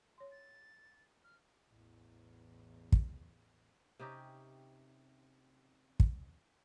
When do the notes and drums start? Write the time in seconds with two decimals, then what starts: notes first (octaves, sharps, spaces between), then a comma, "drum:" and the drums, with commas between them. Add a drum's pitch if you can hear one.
0.18 C#5 C6
0.31 A6
1.24 F6
1.70 A1 E2
2.92 drum: kick
4.00 C3 C#4 D#4 G4
6.00 drum: kick